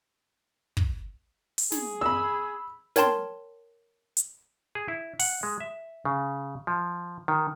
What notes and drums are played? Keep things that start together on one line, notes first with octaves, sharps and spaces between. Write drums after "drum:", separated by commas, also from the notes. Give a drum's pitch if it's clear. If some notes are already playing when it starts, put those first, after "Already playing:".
drum: kick
drum: open hi-hat
G#4, drum: snare
B5 E6
A#4 C#5 G5 A5 C6, drum: snare
drum: hi-hat
G#4
E4
F#5, drum: open hi-hat
G#3
E5
C#3
F3
D#3